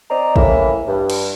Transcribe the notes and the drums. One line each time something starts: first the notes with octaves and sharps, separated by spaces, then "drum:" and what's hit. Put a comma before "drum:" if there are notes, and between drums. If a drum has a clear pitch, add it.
C4 C5 D5 D#5 A#5
A2 C#3 E3 A#3 E5, drum: kick A1
G2
drum: cymbal